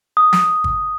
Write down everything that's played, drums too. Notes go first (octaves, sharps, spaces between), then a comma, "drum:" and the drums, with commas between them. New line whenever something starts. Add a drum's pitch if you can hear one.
D#6
drum: snare
drum: kick G1